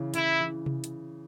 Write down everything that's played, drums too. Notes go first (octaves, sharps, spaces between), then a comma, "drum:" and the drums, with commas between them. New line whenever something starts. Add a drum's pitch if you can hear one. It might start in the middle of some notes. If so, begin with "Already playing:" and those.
Already playing: C#3 E3
C#3 E4, drum: hi-hat
E3
drum: tom C3
drum: hi-hat